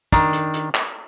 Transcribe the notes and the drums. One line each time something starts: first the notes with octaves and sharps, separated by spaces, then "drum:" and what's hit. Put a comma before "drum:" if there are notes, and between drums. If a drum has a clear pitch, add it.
D#3 D4 A#5, drum: kick, hi-hat
drum: hi-hat
drum: hi-hat
drum: clap